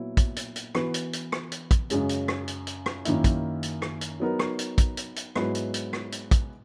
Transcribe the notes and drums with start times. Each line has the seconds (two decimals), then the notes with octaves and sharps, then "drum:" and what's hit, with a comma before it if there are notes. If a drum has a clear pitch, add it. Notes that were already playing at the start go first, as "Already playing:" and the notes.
Already playing: A#2 F#3 B3 E4
0.17 drum: kick, hi-hat
0.36 drum: hi-hat
0.56 drum: hi-hat
0.75 E3 B3 F#4 B4, drum: rim click
0.94 drum: hi-hat
1.13 drum: hi-hat
1.32 drum: rim click
1.52 drum: hi-hat
1.71 drum: kick, hi-hat
1.90 F#2 C#3 G#3 C#4, drum: hi-hat
2.09 drum: hi-hat
2.28 drum: rim click
2.48 drum: hi-hat
2.67 drum: hi-hat
2.86 drum: rim click
3.05 F#2 D#3 A#3 E4, drum: hi-hat
3.24 drum: kick, hi-hat
3.63 drum: hi-hat
3.82 drum: rim click
4.01 drum: hi-hat
4.20 F#3 B3 D#4 A#4
4.39 drum: rim click
4.59 drum: hi-hat
4.78 drum: kick, hi-hat
4.97 drum: hi-hat
5.16 drum: hi-hat
5.36 G#2 F#3 B3 E4 B4, drum: rim click
5.55 drum: hi-hat
5.74 drum: hi-hat
5.93 drum: rim click
6.12 drum: hi-hat
6.31 drum: kick, hi-hat